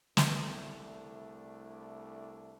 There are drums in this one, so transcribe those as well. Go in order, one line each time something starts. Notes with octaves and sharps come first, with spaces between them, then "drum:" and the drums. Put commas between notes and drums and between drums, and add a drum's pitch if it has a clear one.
C2 A3 D4 E4, drum: snare